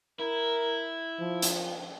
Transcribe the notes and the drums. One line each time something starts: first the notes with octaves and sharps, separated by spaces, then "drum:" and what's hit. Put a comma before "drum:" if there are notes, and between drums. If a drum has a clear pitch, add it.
E4 A#4
F3
drum: hi-hat